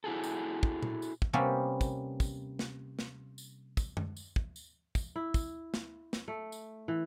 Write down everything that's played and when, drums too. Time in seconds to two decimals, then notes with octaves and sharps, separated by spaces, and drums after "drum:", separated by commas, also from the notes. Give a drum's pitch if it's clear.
0.04 E4 F#4 G#4 A4
0.24 drum: tambourine
0.63 drum: kick
0.83 drum: tom A#2
1.02 drum: tambourine
1.22 drum: kick
1.33 C3 G3 A#3 B3 C#4
1.81 drum: kick, tambourine
2.20 drum: kick, tambourine
2.59 drum: snare
2.99 drum: snare
3.38 drum: tambourine
3.77 drum: kick, tambourine
3.97 drum: tom F#2
4.16 drum: tambourine
4.36 drum: kick
4.56 drum: tambourine
4.95 drum: kick, tambourine
5.16 E4
5.34 drum: kick, tambourine
5.74 drum: snare
6.13 drum: snare
6.28 A3
6.52 drum: tambourine
6.88 E3